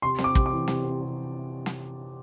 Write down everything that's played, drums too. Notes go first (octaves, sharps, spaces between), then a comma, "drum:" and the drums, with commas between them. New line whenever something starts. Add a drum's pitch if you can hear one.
C3 C6
C4, drum: snare
D6
C3, drum: kick
D6
E3
C3, drum: snare
C4
C3
drum: snare